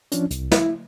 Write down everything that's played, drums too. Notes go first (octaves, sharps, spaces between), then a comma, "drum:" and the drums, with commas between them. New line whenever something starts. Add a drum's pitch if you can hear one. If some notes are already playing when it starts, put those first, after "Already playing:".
F3 C#4 D4, drum: hi-hat
C2, drum: hi-hat
E4, drum: snare